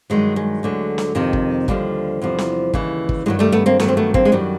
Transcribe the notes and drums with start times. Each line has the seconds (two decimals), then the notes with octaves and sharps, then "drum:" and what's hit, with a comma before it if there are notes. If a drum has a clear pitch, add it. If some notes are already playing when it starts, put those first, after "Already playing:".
0.10 G2 D#3 F#3 G#3
0.36 G#3
0.63 D2 D3 F#3
0.98 drum: snare
1.15 F2 C3 D#3
1.33 drum: kick
1.68 D#2 D3 F3 G3, drum: kick
2.22 E2 C3 F3
2.38 drum: snare
2.73 D#2 C#3 E3, drum: kick
3.09 drum: kick
3.26 G2 D#3 F#3 G#3
3.39 G3 A3
3.52 A3 B3
3.66 A#3 C4
3.79 G2 D#3 F#3 A3 B3, drum: snare
3.88 C4
3.97 A3 B3
4.14 A#3 C4, drum: kick
4.25 G#3
4.32 F#2 D#3 F#3 G3